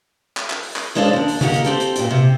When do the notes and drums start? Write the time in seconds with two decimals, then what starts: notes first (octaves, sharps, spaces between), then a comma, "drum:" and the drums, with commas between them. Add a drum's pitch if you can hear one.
0.37 drum: clap
0.50 drum: clap
0.63 drum: open hi-hat
0.76 drum: clap
0.95 F#2 G#3 D4 A4 C5 F5
1.13 D#2 D4
1.28 drum: open hi-hat
1.41 D#3 A#3 G4 F#5, drum: tom
1.54 drum: hi-hat
1.65 C4 G4 A4, drum: hi-hat
1.80 drum: hi-hat
1.96 G2 A#2, drum: hi-hat
2.11 C3